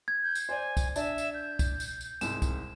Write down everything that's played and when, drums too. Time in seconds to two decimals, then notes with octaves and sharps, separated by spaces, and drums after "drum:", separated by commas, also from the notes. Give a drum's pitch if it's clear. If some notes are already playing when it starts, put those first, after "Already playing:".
0.08 G#6
0.23 G6
0.35 drum: tambourine
0.49 C5 D5 G#5
0.77 drum: kick C2, tambourine
0.96 D4 D5 E5 A5, drum: tambourine
1.18 drum: tambourine
1.34 G6
1.59 drum: kick C2, tambourine
1.80 drum: tambourine
2.01 drum: tambourine
2.21 C2 G#2 E7, drum: tambourine
2.42 drum: kick C2, tambourine